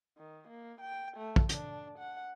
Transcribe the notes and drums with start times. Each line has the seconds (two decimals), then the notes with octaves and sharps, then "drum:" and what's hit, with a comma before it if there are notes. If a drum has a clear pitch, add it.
0.18 D#3
0.48 A#3
0.81 G5
1.17 A3
1.36 drum: kick
1.49 D4, drum: hi-hat
1.99 F#5